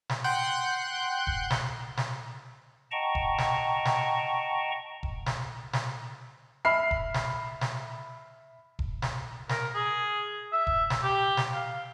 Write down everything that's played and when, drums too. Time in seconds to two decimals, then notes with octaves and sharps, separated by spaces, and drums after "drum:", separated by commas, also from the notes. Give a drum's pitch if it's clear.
0.10 drum: snare
0.24 F#5 G5 C6 F#6 G6
1.27 drum: kick E1
1.51 drum: snare
1.97 drum: snare
2.91 D#5 F#5 G5 A5 A#5 C#6
3.15 drum: kick E1
3.38 drum: snare
3.85 drum: snare
5.03 drum: kick E1
5.26 drum: snare
5.73 drum: snare
6.65 E5 B5 F6 C7
6.91 drum: kick E1
7.14 drum: snare
7.61 drum: snare
8.79 drum: kick E1
9.02 drum: snare
9.49 A#4, drum: snare
9.74 G#4
10.53 E5
10.67 drum: kick E1
10.90 drum: snare
11.03 G4
11.37 drum: snare
11.53 F5